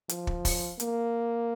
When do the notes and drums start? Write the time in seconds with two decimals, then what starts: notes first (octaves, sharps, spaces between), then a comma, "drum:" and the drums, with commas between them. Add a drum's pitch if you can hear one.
0.09 F3, drum: hi-hat
0.27 drum: kick
0.45 drum: kick, open hi-hat
0.80 A#3, drum: hi-hat